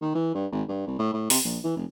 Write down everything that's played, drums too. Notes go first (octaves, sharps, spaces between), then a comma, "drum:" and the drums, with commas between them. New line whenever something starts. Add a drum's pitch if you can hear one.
D#3
E3
G2
G#1
G2
C2
A2
A2
C3, drum: open hi-hat
A#1
E3
F1